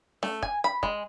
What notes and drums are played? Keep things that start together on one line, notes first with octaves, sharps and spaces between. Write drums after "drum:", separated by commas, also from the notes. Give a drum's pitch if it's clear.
A3, drum: snare C#4
G#5, drum: kick
B5
G#3, drum: kick